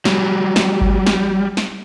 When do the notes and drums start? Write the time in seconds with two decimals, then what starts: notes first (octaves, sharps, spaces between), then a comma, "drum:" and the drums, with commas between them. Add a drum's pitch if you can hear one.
0.05 F#3 G3, drum: snare
0.56 drum: snare
0.81 drum: kick G1
1.07 drum: snare
1.57 drum: snare